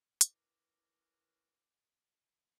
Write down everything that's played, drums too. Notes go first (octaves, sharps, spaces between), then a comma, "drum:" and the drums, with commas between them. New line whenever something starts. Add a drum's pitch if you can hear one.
C#4 E4 A#4 B4 D6, drum: hi-hat